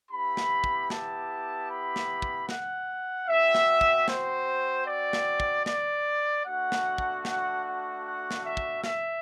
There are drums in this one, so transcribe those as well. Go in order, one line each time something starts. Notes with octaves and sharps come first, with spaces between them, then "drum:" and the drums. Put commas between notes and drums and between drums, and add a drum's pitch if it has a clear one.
B3 E4 G4 B5
drum: snare
drum: kick
A5, drum: snare
B5
drum: snare
drum: kick
F#5, drum: snare
C4 F#4 E5
drum: snare
drum: kick
C5, drum: snare
D5
drum: snare
drum: kick
D5, drum: snare
A3 D4 F#4 F#5
drum: snare
drum: kick
F#5, drum: snare
F#5
F#5
drum: snare
E5
drum: kick
E5, drum: snare